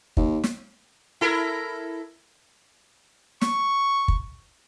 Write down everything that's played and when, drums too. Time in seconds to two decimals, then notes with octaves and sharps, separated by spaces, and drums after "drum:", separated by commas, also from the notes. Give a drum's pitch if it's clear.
0.17 D#2, drum: kick
0.44 drum: snare
1.21 E4 A4 A#4
3.41 C#6, drum: snare
4.08 drum: kick